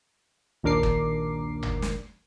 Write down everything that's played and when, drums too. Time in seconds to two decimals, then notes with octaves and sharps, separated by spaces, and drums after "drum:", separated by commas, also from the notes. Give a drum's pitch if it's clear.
0.63 A#1 D#2 D4 A#4 D6 C7
0.83 drum: kick
1.63 drum: tom G1
1.82 drum: snare